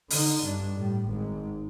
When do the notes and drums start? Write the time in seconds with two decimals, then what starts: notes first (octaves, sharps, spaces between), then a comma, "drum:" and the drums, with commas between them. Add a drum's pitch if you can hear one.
0.10 D3 D#4, drum: open hi-hat
0.43 G2 D4
0.77 A2 G3
1.09 G#1 G#2